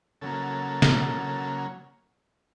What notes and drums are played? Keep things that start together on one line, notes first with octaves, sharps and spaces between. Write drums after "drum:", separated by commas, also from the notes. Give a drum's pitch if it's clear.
C#3 F#3 A#3 A4
drum: snare